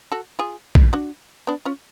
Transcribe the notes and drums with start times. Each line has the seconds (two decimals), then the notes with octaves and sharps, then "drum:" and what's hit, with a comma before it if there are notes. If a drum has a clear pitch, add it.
0.12 F#4 A4
0.39 F4 G#4
0.75 drum: kick A#1
0.93 D4 F#4
1.47 B3 D4
1.65 C#4 F4